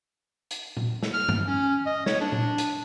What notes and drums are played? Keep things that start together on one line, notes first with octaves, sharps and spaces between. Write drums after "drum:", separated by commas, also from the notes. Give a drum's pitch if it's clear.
drum: hi-hat
drum: tom A#2
drum: snare
F6
drum: tom G2
C#4
D#5
C#5, drum: snare
D4
drum: tom A#2
drum: hi-hat